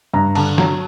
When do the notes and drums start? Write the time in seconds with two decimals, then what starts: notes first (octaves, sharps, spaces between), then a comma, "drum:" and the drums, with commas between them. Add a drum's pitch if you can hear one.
0.14 G2 A#5
0.35 D3 A5, drum: cymbal
0.58 F#3, drum: snare